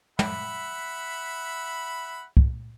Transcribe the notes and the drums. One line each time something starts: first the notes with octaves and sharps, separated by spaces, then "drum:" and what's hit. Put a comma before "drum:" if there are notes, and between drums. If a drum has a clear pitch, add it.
E5 F#5 B5, drum: tom
drum: kick